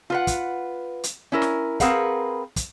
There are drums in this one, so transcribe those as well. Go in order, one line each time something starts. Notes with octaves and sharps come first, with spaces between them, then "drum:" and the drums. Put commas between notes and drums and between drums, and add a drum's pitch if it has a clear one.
F4 B4 F#5
drum: kick, hi-hat
drum: hi-hat
C#4 E4 A#4
drum: snare
C4 G#4 A#4 B4 F5 F#5, drum: kick, hi-hat
drum: kick, hi-hat